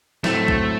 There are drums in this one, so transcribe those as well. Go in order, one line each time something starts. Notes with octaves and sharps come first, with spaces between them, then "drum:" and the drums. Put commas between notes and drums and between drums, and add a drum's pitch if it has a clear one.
A2 F#3 A3 C4 E4, drum: snare
drum: kick B1